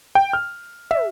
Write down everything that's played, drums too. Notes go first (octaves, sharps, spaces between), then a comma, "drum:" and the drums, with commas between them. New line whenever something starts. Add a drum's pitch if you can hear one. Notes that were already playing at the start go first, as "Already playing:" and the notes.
G5
F6
E5, drum: tom